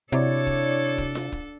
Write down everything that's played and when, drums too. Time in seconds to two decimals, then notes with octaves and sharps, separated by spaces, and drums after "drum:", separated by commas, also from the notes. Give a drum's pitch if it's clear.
0.12 C3 D4 E4 F#4 A4 C#5 D5
0.47 drum: kick
0.98 drum: kick
1.15 drum: snare F4
1.32 drum: kick